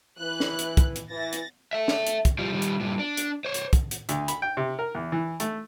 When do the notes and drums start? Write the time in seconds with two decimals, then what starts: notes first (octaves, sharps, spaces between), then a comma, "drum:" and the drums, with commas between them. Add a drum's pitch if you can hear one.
0.19 E3 B4 F#6
0.40 drum: snare
0.59 drum: hi-hat
0.77 drum: kick, hi-hat
0.96 drum: hi-hat
1.10 E3 A6 A#6
1.33 drum: hi-hat
1.73 A4 E5
1.88 drum: snare
2.07 drum: hi-hat
2.25 drum: kick, hi-hat
2.39 F3 G3
2.53 D#3 G3
2.62 drum: hi-hat
2.80 G2 A#2
2.99 D4
3.17 drum: hi-hat
3.45 C5 C#5
3.54 drum: hi-hat
3.73 drum: kick, hi-hat
3.91 drum: hi-hat
4.09 D2, drum: hi-hat
4.28 B5, drum: hi-hat
4.42 G5
4.57 C3
4.79 A#4
4.95 E2
5.12 E3
5.40 A3, drum: hi-hat